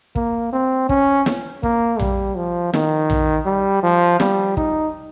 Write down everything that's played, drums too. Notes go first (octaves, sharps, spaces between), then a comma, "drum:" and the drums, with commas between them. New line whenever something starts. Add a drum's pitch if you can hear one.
A#3, drum: kick
C4
C#4, drum: kick
drum: snare
A#3, drum: kick
G3, drum: tom A#1
F3
D#3, drum: snare
drum: tom A#1
G3
F3
G3, drum: snare
D#4, drum: kick